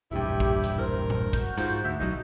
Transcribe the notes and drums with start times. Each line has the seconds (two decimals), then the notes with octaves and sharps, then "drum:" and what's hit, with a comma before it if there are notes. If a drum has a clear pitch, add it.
0.11 E1 A#1 G2 E4 G4
0.40 drum: kick
0.64 drum: hi-hat
0.78 A#4 C5
1.10 drum: tom A2
1.33 F#4 G6, drum: kick, hi-hat
1.58 G#2 F3, drum: hi-hat
1.84 D2 E5
2.00 D1 B1 F#3 D#4